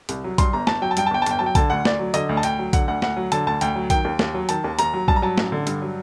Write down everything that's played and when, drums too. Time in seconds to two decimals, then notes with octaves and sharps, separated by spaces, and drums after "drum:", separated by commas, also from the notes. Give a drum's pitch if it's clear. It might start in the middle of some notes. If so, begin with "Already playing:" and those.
0.09 C2, drum: hi-hat
0.24 F#3
0.38 G2 C6, drum: kick, hi-hat
0.53 G1 A#5
0.67 G1 A5, drum: snare
0.82 F#3 G5
0.91 A5
0.97 G2 G5, drum: hi-hat
1.07 A5
1.11 G1 G5
1.22 A5
1.26 G1 G5, drum: hi-hat
1.39 F#3 A5
1.46 G5
1.55 D3 A5, drum: kick, hi-hat
1.70 D2 F#5
1.85 D2 D5, drum: snare
1.99 F#3
2.14 D3 D#5, drum: hi-hat
2.29 D2
2.37 A5
2.43 D2 G5, drum: hi-hat
2.59 F#3
2.73 D3 F#5, drum: kick, hi-hat
2.88 D2 F#5
3.02 D2 F#5, drum: snare
3.17 F#3
3.32 D3 A5, drum: hi-hat
3.47 D2 A5
3.61 D2 G5, drum: hi-hat
3.75 F#3
3.90 D#3 G5, drum: kick, hi-hat
4.05 D#2
4.19 D#2, drum: snare
4.34 F#3
4.49 D#3 A5, drum: hi-hat
4.64 D#2
4.79 D#2 A#5, drum: hi-hat
4.94 F#3
5.08 G2 A5, drum: kick
5.16 A#5
5.22 F#3 A5
5.38 A1, drum: snare
5.52 D3
5.67 G2, drum: hi-hat
5.82 F#3